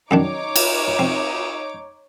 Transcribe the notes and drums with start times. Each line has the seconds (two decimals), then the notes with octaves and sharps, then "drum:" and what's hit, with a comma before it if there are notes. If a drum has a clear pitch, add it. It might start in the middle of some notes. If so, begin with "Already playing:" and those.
0.11 F#2 D#3 D4 D#4 C#5 D6
0.56 drum: cymbal
0.99 C4